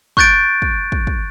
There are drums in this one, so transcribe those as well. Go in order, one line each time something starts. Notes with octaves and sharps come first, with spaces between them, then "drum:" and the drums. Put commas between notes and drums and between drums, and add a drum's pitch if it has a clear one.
C#6 F#6 G6 A6 D7, drum: kick
drum: kick
drum: kick
drum: kick